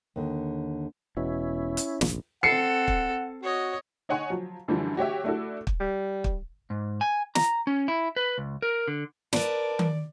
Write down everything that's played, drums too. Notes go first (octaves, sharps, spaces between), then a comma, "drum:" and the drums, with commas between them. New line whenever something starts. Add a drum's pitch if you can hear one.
D#2 D3
E1 B2 C#4 E4
drum: hi-hat
F1 A#1, drum: snare
C4 A4 F#5 C7 C#7
drum: kick
F#4 C#5 D#5
D#4 C#5 F#5 G#5 C#6
F3 F#3
F#2 D3 E3 F3 G3
F#4 G4 C#5 E5
A3 D4 E4 F#4 A4
drum: kick
G3
drum: kick
G#2
G#5
A#5, drum: snare
C#4
E4
B4
C#2
A#4
D3
A#4 B4 D5 A5, drum: snare
drum: tom D#3